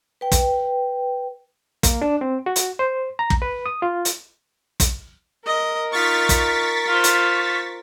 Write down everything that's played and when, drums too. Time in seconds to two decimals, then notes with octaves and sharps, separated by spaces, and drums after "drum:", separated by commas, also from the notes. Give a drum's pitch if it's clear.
0.21 B4 G5
0.32 drum: kick, hi-hat
1.83 A#3, drum: kick, hi-hat
2.02 D4
2.21 C4
2.46 F#4
2.56 drum: hi-hat
2.79 C5
3.19 A#5
3.30 drum: kick
3.42 B4
3.66 D#6
3.82 F4
4.05 drum: hi-hat
4.80 drum: kick, hi-hat
5.46 A#4 D#5
5.92 D#4 F4 C#6 A6 B6
6.29 drum: kick, hi-hat
6.87 F4 C5
7.04 drum: hi-hat